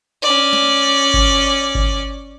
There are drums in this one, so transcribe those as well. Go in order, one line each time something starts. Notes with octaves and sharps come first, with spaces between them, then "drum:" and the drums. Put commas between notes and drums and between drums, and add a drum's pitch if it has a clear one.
C#4 D5
drum: snare
drum: kick G1
drum: kick G1